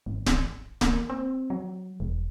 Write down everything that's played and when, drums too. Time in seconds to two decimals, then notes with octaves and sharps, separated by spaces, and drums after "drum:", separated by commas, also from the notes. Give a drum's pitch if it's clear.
0.06 G#1
0.26 drum: snare D1
0.81 A#3, drum: snare D1
1.10 C4
1.50 F#3
2.00 E1